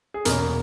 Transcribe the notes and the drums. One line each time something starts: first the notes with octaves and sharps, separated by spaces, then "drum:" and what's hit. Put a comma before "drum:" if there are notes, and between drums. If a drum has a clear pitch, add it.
G#4
E2 B2 A#3 C#4 A#4, drum: hi-hat